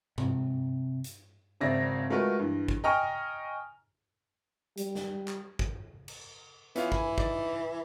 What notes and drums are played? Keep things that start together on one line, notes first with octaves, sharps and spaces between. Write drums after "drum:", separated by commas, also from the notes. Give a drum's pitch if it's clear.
C3, drum: tom G2
drum: hi-hat
G#1 C#3 C4 D5 E5 A#6
G#3 A3 F4 F#4 A#4 B4
G2 E3
drum: kick
D#5 G5 G#5 A#5 C#6 F6
G3, drum: hi-hat
drum: snare
drum: clap
drum: kick
drum: cymbal
E3 B3 C#4 F4, drum: hi-hat
G#5 B5, drum: kick
D#4 D5, drum: kick